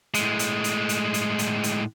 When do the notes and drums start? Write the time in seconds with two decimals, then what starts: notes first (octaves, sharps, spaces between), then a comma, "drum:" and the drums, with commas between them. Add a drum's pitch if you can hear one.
0.14 A2 G#3, drum: hi-hat
0.39 drum: hi-hat
0.64 drum: hi-hat
0.89 drum: hi-hat
1.14 drum: hi-hat
1.39 drum: hi-hat
1.64 drum: hi-hat